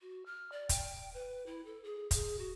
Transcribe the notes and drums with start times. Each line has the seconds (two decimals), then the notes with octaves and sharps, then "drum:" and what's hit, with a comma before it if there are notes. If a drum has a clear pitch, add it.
0.01 F#4
0.26 F6
0.52 D5
0.69 G5, drum: kick, hi-hat
1.14 B4
1.46 E4
1.65 A4
1.84 G#4
2.11 G#4, drum: kick, hi-hat
2.39 F#4